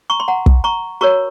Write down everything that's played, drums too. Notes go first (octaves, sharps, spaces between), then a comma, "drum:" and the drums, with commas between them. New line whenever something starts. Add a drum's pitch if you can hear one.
A#5 C#6
C6
F#5 A#5
drum: kick
A#5 C#6
F#4 A#4 C#5 A#5 C#6